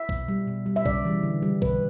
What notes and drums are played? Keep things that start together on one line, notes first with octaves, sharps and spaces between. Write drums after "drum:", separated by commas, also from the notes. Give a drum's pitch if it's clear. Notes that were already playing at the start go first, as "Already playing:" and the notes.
Already playing: E5
B2, drum: kick
G3
B2
G3
E5
C#3 D5, drum: kick
E3 G3
D3
G3
B2 B4, drum: kick